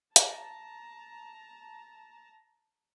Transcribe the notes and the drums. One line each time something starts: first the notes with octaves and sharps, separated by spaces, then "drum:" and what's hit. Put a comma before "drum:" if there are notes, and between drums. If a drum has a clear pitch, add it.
A5 A#5, drum: hi-hat